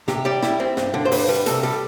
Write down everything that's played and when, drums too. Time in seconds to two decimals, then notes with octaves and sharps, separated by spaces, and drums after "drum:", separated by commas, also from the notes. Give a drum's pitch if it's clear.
0.08 C3 G4, drum: snare
0.25 G3 D5
0.42 E4, drum: snare
0.60 C4
0.77 G2, drum: snare
0.94 D3
1.05 C5
1.12 G2 B4, drum: open hi-hat
1.28 G3 B4
1.46 C3 A4, drum: hi-hat
1.63 G3 A4